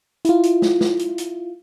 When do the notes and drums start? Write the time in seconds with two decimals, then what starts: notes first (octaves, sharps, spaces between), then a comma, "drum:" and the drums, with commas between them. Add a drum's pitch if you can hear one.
0.25 E4 F4, drum: hi-hat
0.43 drum: hi-hat
0.62 drum: snare
0.81 drum: snare
0.99 drum: hi-hat
1.18 drum: hi-hat